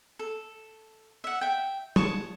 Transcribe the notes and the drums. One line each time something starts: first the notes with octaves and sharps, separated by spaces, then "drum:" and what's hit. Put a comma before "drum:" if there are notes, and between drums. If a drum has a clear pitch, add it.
A4
E5 F#5
E5 G5
C#5 A5 C#6 D#6, drum: tom